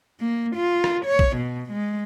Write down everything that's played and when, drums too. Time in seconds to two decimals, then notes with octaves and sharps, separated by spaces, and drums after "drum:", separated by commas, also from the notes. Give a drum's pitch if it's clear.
0.21 A#3
0.56 F4
0.84 drum: rim click
1.06 C#5
1.19 drum: kick
1.37 B2
1.72 G#3